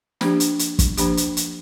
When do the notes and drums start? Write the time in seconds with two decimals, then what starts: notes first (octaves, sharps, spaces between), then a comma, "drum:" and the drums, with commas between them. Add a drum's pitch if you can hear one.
0.21 F3 A#3 D4 G4, drum: snare
0.40 drum: hi-hat
0.59 drum: hi-hat
0.79 drum: kick, hi-hat
0.97 F3 A#3 D4 G4, drum: hi-hat
1.17 drum: hi-hat
1.37 drum: hi-hat